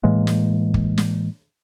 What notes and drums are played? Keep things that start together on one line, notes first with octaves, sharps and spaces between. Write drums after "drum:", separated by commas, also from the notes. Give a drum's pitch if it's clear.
A2 E3 G#3 A#3
drum: snare
drum: kick
drum: snare